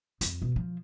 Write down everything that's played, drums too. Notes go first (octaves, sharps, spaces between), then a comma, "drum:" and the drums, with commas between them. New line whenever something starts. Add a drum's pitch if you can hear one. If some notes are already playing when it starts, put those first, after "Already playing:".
F2, drum: hi-hat
B2
F3